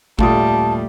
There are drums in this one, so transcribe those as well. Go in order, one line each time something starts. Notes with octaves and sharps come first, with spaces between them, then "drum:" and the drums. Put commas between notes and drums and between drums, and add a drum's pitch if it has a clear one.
D#1 G3 A3 F4 A5 D#6, drum: kick G#1